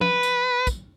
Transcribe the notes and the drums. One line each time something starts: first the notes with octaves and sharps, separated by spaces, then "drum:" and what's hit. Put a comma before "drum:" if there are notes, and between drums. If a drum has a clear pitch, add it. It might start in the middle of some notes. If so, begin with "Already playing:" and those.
B4, drum: tom F3
drum: tambourine
drum: kick, tambourine